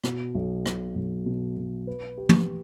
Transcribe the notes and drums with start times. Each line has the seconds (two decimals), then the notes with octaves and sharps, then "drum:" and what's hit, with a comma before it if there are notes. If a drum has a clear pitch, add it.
0.04 B2, drum: rim click
0.35 B1
0.66 B2, drum: rim click
0.95 B1
1.26 B2
1.57 B2
1.87 B4
2.18 G4
2.29 drum: tom